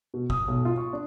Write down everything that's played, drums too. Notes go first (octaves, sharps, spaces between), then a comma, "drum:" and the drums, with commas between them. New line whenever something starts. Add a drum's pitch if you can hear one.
B2
D#6, drum: kick
B1
F4
C#6
D4